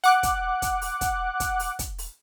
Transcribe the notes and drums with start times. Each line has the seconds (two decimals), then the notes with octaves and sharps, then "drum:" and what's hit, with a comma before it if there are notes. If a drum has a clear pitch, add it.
0.04 F#5 D6 F#6, drum: open hi-hat
0.23 drum: kick, hi-hat
0.62 drum: kick, hi-hat
0.82 drum: open hi-hat
1.01 drum: kick, hi-hat
1.40 drum: kick, hi-hat
1.59 drum: open hi-hat
1.79 drum: kick, hi-hat
1.98 drum: open hi-hat